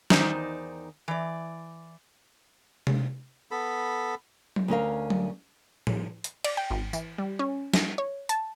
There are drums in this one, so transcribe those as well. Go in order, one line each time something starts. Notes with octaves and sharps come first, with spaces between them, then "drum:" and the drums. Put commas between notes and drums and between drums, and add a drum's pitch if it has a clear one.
E2 D#3 D#4 C5 D5, drum: snare
E3 D5
drum: tom C3
B3 A4 B5
drum: tom F#3
D2 C#4 A#4 F5
drum: tom F#3
drum: tom
drum: hi-hat
D5, drum: cymbal
G5
G#1
E3, drum: tambourine
G3
C#4
A#6, drum: snare
C#5
A5, drum: hi-hat